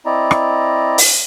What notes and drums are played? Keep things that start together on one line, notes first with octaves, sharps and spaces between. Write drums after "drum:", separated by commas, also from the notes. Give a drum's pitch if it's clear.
C4 E4 D5 D#5 A#5
drum: rim click
drum: open hi-hat